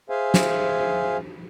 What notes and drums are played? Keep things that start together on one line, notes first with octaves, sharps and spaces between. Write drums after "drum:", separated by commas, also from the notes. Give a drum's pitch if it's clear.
G#4 C5 E5 F5 G#5
drum: snare